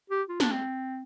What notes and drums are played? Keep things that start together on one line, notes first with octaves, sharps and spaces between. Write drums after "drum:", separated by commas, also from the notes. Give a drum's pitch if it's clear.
G4
F4
D4, drum: snare
C4